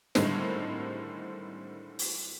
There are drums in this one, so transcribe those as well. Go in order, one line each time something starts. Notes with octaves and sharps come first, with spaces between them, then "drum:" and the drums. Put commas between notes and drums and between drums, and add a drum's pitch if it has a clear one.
A2 D3 D#3 G3 G#3 C4, drum: snare
drum: open hi-hat